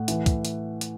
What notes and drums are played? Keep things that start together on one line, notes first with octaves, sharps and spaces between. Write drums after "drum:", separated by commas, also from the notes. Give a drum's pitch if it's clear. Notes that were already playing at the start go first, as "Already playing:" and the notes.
Already playing: A2 F#5
E3, drum: hi-hat
drum: kick, hi-hat
drum: hi-hat
drum: hi-hat